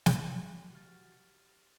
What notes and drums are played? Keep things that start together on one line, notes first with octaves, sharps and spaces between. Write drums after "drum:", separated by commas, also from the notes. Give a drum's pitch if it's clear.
F#4, drum: snare
G4 F6 A6